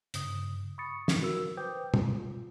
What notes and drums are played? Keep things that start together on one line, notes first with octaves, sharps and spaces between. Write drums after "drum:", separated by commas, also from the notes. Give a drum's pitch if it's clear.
G2 C#3 D#6, drum: hi-hat
B5 C#6 D#6 A6 C#7
drum: snare
F#4 A#4 E6
B4 C5 G5 D6 D#6 G6
F4, drum: tom